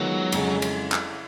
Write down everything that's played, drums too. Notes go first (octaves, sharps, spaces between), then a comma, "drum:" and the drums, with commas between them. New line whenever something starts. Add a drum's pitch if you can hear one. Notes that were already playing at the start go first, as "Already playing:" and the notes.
Already playing: D#3 F#3 G#3 B3 F4 A#4
F2 C#3 G#3, drum: cymbal
drum: cymbal
drum: clap